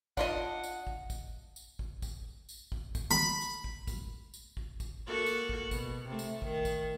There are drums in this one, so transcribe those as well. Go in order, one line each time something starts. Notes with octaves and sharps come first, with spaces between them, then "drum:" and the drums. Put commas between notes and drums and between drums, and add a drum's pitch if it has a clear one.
D4 F4 D#5 F#5, drum: kick, tambourine
drum: tambourine
drum: kick
drum: kick, tambourine
drum: tambourine
drum: kick
drum: kick, tambourine
drum: tambourine
drum: kick
drum: kick, tambourine
B5
drum: tambourine
drum: kick
drum: kick, tambourine
drum: tambourine
drum: kick
drum: kick, tambourine
A#3 F#4 A4
drum: tambourine
drum: kick
B2, drum: kick, tambourine
C3 A3
drum: tambourine
D#3, drum: kick
drum: kick, tambourine